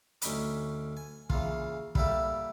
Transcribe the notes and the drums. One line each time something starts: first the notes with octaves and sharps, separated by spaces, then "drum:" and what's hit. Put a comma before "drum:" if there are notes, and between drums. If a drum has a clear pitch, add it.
D2 C#4 D#4 B5 D6, drum: hi-hat
G#5
C#3 E3 A#3 F4, drum: kick
G3 A#3 E4 G4 A4 E5, drum: kick